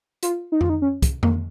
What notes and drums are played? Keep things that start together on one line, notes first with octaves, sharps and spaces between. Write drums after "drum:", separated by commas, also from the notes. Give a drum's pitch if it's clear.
F4, drum: hi-hat
D#4
F4, drum: tom F2
D#4
C#4
drum: kick, hi-hat
A#3, drum: tom F2